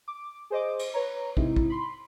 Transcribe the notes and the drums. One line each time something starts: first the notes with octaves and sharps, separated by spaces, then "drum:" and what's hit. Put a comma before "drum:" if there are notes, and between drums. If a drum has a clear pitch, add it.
D6
G#4 C5 D#5 D6
drum: cymbal
B4 C#5 A#5
G#2 C3 D#4 E4, drum: kick
drum: kick
B5 C6